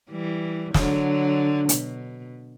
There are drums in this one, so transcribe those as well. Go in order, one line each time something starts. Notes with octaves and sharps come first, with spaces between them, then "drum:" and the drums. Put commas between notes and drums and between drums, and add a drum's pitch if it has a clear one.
E3 G3
D3 F#3, drum: snare
B2, drum: hi-hat